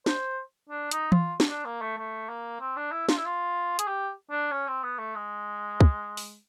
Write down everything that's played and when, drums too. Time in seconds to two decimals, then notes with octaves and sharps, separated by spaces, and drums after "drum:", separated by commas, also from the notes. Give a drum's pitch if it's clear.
0.06 C5, drum: snare
0.69 D4
0.91 D#4, drum: hi-hat
1.12 F4, drum: tom E3
1.40 drum: snare
1.49 D4
1.65 A#3
1.81 A3
1.98 A3
2.29 A#3
2.60 C4
2.77 D4
2.92 E4
3.09 F4, drum: snare
3.17 E4
3.25 F4
3.79 G#4, drum: hi-hat
3.88 G4
4.31 D4
4.52 C#4
4.68 C4
4.84 B3
4.99 A3
5.15 G#3
5.81 drum: kick
6.17 drum: open hi-hat